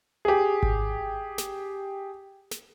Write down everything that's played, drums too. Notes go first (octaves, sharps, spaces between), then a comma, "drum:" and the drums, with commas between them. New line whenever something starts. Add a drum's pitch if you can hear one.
G4 G#4
drum: kick G#1
drum: snare
drum: snare